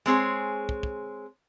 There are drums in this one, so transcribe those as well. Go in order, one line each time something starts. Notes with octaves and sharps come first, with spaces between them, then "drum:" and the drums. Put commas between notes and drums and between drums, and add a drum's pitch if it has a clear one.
G#3 C4 G#4 C#5
drum: kick
drum: kick